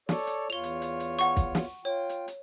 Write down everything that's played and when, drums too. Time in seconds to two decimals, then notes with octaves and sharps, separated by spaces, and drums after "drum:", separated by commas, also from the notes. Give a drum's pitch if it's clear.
0.09 A4 C#5 D5, drum: snare
0.27 drum: hi-hat
0.50 E2 F4 C#5 F7 G7
0.63 drum: hi-hat
0.82 drum: hi-hat
1.00 drum: hi-hat
1.19 F#5 C#6, drum: hi-hat
1.36 drum: kick, hi-hat
1.55 drum: snare
1.85 F4 C#5 G5
2.09 drum: hi-hat
2.28 drum: hi-hat